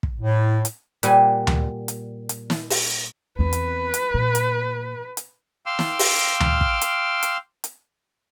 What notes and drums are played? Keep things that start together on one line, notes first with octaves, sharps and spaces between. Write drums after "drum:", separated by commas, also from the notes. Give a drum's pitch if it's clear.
drum: kick
A2
drum: hi-hat
A#2 G3 F#5 G#5, drum: hi-hat
drum: tom D2
drum: hi-hat
drum: hi-hat
drum: snare
drum: open hi-hat
E2 C4 B4
drum: hi-hat
drum: hi-hat
A#2
drum: hi-hat
drum: hi-hat
F5 G5 C6 D6 E6 F6
drum: snare
drum: open hi-hat
drum: tom D2
drum: kick
drum: hi-hat
drum: hi-hat
drum: hi-hat